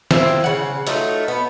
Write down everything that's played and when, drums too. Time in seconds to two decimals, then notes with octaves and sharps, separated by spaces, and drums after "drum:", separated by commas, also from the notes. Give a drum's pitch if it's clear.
0.11 E4 C5 G5, drum: snare
0.44 C#3 F#5
0.87 F#3 A3 D#4 F4, drum: hi-hat
1.28 B3